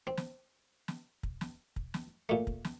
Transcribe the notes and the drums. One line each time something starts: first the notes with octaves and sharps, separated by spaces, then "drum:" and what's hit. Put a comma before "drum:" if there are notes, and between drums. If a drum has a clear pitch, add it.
C4
drum: snare
drum: snare
drum: kick
drum: snare
drum: kick
drum: snare
A#2 A3
drum: kick
drum: snare